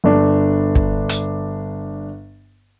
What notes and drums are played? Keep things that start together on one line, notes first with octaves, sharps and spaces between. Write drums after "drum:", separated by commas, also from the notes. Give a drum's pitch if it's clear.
G1 D4
drum: kick
drum: hi-hat